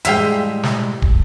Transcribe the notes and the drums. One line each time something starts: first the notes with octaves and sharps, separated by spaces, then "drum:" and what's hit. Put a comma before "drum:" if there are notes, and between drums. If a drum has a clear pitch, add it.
A2 G3 G#3 E5 F5 G5, drum: hi-hat
drum: snare
drum: kick